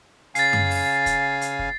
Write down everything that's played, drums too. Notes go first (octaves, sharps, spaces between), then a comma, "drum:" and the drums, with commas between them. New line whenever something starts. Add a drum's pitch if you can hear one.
C#3 F5 G#5 A6 C7, drum: hi-hat
drum: tom F#2
drum: open hi-hat
drum: kick, hi-hat
drum: hi-hat
drum: kick